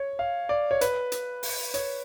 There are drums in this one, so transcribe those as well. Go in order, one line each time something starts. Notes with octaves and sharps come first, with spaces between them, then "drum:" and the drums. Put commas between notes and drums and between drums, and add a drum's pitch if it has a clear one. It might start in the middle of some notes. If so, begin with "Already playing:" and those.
Already playing: C#5
F5
D5
C#5
B4, drum: hi-hat
drum: hi-hat
drum: open hi-hat
C#5, drum: hi-hat